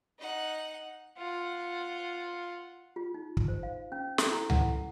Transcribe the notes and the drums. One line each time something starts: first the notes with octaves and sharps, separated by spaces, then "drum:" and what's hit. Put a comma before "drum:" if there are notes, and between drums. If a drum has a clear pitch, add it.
D#4 F#5
F4 F#5
F4
D#4
drum: kick
C5
F5
C#4
A4, drum: snare
E4
F#5, drum: tom C#2